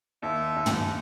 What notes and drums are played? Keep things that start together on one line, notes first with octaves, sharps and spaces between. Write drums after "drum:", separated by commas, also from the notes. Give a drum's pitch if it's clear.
D#2 E5
D#2
drum: tom